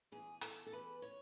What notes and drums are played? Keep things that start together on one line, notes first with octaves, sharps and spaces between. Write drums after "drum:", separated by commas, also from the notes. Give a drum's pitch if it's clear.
E2 G#4
E2 A4, drum: hi-hat
A4
E2 B4
C#5